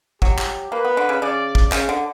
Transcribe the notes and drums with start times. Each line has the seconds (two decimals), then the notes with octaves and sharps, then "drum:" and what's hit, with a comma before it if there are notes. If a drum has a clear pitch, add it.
0.22 F#3 G4, drum: kick
0.39 drum: clap
0.71 A#3 B4
0.85 B3
0.97 D3
1.09 C#3
1.22 C#3 D5
1.55 drum: kick
1.72 C#3, drum: clap
1.89 D3